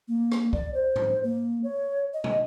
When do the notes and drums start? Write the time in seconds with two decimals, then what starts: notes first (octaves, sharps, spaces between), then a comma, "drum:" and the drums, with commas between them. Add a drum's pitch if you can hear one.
0.08 A#3
0.32 drum: rim click
0.53 D5, drum: kick
0.74 C5
0.96 drum: tom G#2
1.24 A#3
1.64 C#5
2.14 D#5
2.24 drum: tom